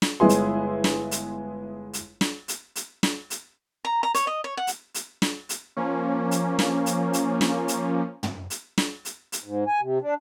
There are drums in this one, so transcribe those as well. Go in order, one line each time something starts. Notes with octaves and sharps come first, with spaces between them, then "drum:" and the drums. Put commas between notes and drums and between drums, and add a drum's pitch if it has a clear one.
drum: snare
G1 G#3 B3 E4 G#4 C6
drum: hi-hat
drum: snare
drum: hi-hat
drum: hi-hat
drum: snare
drum: hi-hat
drum: hi-hat
drum: snare
drum: hi-hat
A#5
A#5
C#5, drum: hi-hat
D#5
C#5
F#5
drum: hi-hat
drum: hi-hat
drum: snare
drum: hi-hat
F3 A#3 C#4
drum: hi-hat
drum: snare
drum: hi-hat
drum: hi-hat
drum: snare
drum: hi-hat
drum: tom
drum: hi-hat
drum: snare
drum: hi-hat
drum: hi-hat
G#2
G#5
C3
D4